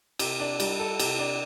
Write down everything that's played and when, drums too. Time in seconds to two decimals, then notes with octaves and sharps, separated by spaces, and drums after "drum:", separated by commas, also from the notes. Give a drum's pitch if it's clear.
0.19 C3, drum: cymbal
0.40 D4
0.60 G3, drum: cymbal
0.80 A4
0.99 C3, drum: cymbal
1.19 D4